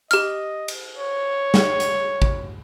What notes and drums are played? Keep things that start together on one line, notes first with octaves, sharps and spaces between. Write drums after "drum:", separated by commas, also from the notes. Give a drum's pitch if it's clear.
G4 D#5 F6, drum: hi-hat
drum: cymbal
C#5
drum: snare
drum: hi-hat
drum: kick